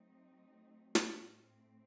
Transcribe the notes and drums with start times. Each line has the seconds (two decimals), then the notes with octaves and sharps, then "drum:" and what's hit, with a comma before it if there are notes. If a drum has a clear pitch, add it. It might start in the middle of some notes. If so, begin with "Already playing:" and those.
Already playing: F#3 A3 C4 D#4
0.95 drum: snare
1.23 A2 A3 C4